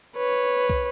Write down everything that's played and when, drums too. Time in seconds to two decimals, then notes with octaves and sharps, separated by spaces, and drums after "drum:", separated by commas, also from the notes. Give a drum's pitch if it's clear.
0.16 B4 C#5
0.70 drum: kick